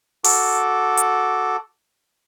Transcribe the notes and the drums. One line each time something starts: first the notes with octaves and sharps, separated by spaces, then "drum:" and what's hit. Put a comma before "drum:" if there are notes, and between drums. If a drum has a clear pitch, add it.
F#4 A4 D6, drum: open hi-hat
drum: hi-hat